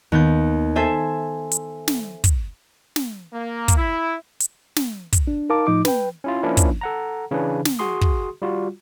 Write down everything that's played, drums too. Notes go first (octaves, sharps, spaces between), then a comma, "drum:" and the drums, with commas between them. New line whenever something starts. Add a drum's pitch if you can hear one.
D#2 B3 G6
A4 C5 E5 G#5
drum: hi-hat
drum: snare
drum: kick, hi-hat
drum: snare
A#3
drum: kick, hi-hat
E4
drum: hi-hat
drum: snare
drum: kick, hi-hat
D4
D#4 A#4 F5 A5 D6
A2 F3 D#4 D6
B4 G5, drum: snare
C#4 E4 F4
F3 A#3 C#4 D4 E4
drum: kick, hi-hat
A4 F#5 A#5
C#3 E3 C#4 D4 B4
drum: snare
F#4 G#4 C6 D#6
drum: kick
G3 F4 F#4